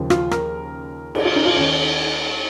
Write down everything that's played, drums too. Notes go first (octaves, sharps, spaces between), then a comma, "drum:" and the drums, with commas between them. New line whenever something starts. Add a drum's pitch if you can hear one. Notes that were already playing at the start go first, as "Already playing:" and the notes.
Already playing: D#2 C#3 F3
F4, drum: rim click
A#4, drum: rim click
G#4, drum: cymbal
F4
D#4
F4
D#2 D#3 C#4